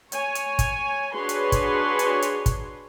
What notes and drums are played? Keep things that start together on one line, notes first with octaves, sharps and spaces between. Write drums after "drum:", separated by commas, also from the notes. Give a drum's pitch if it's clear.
C#5 G#5, drum: hi-hat
drum: hi-hat
drum: kick, hi-hat
D4 F#4 G#4 B4 C#5 C6
drum: hi-hat
drum: kick, hi-hat
drum: hi-hat
drum: hi-hat
drum: kick, hi-hat